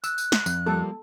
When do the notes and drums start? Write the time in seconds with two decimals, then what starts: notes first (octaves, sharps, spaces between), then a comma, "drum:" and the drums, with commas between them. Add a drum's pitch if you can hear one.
0.04 E6 F#6, drum: tambourine
0.18 drum: tambourine
0.32 drum: snare
0.46 F2, drum: tambourine
0.66 F3 G3 A#3 A4